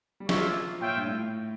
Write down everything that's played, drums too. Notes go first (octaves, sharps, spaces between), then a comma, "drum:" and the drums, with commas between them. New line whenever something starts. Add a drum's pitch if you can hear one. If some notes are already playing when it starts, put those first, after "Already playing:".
G3
F3 A#3 C#4 F4 C#5 E5, drum: snare
A#2 F4 C#5 E5 G5
G2
A2